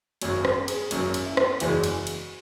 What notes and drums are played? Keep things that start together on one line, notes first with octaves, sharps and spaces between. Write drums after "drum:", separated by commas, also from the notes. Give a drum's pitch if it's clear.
G#1 F#2 F#3 C#5, drum: cymbal
drum: rim click
G#4, drum: cymbal
G#1 F#2 F#3 C#4, drum: cymbal
drum: cymbal
E4
drum: rim click
F#1 E2 C#3 E3 G#3 F#4, drum: cymbal
drum: cymbal
drum: cymbal